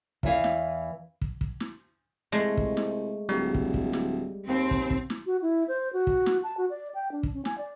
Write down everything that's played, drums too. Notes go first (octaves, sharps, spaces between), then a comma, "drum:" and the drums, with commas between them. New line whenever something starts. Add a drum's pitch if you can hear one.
E2 E3 F5, drum: kick
drum: snare
drum: kick
drum: kick
drum: snare
C2 G#3 A3
drum: kick
drum: snare
D1 G3
drum: kick
drum: kick
drum: snare
D#2 C4
drum: kick
drum: kick
drum: snare
F#4
E4
C5
F#4
drum: kick
drum: snare
A5
F#4
D5
G5
D4
drum: kick
C#4
G#5, drum: snare
D5